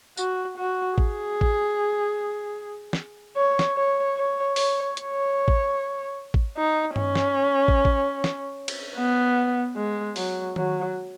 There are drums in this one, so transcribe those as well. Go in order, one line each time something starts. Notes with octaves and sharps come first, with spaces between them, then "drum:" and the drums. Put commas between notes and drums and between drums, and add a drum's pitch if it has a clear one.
F#4, drum: tambourine
F#4
G#4, drum: kick
drum: kick
drum: snare
C#5
drum: snare
C#5
C#5
C#5, drum: open hi-hat
C#5, drum: hi-hat
drum: kick
drum: kick
D#4
C#4, drum: tom G2
drum: snare
drum: kick
drum: kick
drum: snare
drum: cymbal
B3
G#3
F#3, drum: open hi-hat
F#3, drum: tom D#3